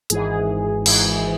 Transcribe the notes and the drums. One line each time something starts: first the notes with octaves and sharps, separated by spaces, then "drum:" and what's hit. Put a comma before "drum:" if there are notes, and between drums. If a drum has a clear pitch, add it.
G#1 G#2 E3 G#4, drum: hi-hat
G#1 G#2 E3 G#4, drum: cymbal